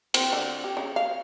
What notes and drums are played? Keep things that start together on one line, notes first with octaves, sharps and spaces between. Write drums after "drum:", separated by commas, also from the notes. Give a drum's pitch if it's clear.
C4, drum: cymbal
D3
G4
C#3
F5